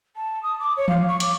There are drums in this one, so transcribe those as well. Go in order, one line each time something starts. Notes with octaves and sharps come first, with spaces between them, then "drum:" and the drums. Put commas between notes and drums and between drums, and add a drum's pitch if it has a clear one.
A5
D#6
D6
C#5
F5, drum: tom E3
C#6
D6, drum: hi-hat